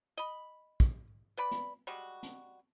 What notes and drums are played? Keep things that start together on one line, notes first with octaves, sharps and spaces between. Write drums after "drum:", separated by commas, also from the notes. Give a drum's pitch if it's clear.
D#5 B5
drum: kick, hi-hat
B4 D5 B5
drum: hi-hat
G3 G#3 F#4
drum: hi-hat